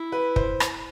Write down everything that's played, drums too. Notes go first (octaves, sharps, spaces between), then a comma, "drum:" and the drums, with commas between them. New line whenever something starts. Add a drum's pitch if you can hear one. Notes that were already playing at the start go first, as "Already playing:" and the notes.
Already playing: E4
B4
C5, drum: kick
drum: rim click